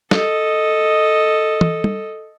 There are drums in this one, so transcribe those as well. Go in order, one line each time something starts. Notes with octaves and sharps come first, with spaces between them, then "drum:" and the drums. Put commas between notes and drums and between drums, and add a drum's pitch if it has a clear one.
A4 D#5, drum: snare
drum: tom
drum: tom